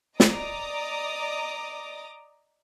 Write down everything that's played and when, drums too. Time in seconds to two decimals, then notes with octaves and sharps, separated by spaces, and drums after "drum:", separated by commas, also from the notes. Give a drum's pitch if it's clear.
0.20 D5 D#5 A#5 D6 D#6, drum: snare